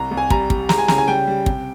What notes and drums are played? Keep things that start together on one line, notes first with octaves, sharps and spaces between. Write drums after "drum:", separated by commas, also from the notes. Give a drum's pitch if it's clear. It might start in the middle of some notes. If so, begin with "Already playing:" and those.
Already playing: C2 A#5
C2
G#5
G3 A#5, drum: kick
G3, drum: kick
G#3 A#5, drum: snare
G#5
C#3 A#5, drum: snare
G#5
G3 G5
G3
C3, drum: kick